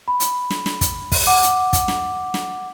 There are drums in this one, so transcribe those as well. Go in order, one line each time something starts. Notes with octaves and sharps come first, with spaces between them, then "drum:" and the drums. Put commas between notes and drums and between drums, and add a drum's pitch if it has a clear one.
B5
drum: hi-hat
drum: snare
drum: snare
drum: kick, hi-hat
drum: kick, open hi-hat
F#5 D6
drum: hi-hat
drum: kick, hi-hat
drum: snare
drum: snare